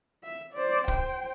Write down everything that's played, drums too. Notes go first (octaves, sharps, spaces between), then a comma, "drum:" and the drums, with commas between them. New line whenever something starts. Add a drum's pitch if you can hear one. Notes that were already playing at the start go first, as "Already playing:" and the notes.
E5
C5 D5
C5 G5, drum: kick